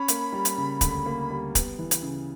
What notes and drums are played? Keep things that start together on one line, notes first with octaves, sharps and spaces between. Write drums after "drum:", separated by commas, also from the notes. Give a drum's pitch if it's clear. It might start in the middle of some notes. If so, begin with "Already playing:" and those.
Already playing: C#4 B5
A#3, drum: hi-hat
G3
drum: hi-hat
C#3
D2, drum: kick, hi-hat
A#3
G3
B3, drum: kick, hi-hat
E3
drum: hi-hat
C#3